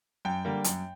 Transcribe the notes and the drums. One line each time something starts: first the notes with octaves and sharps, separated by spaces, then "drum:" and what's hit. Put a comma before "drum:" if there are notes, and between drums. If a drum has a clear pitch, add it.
F#2 G5
D3 G3 A#3
F#2, drum: hi-hat